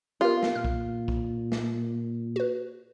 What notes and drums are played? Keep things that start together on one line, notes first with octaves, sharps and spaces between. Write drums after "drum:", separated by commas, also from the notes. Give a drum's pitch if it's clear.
B3 F4 G4 A#4
drum: snare
A#2 F6
drum: kick
drum: kick
drum: snare
F#4 B4